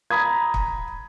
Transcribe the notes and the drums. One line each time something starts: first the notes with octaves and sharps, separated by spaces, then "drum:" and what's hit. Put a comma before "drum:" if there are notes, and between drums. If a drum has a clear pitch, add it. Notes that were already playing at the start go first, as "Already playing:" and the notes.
A#5 B5 D#6 G#6
drum: kick